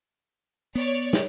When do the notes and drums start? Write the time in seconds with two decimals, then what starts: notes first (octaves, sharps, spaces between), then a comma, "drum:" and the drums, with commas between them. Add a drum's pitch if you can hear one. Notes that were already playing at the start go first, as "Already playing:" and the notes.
0.75 B3 C#5 D5
1.13 drum: snare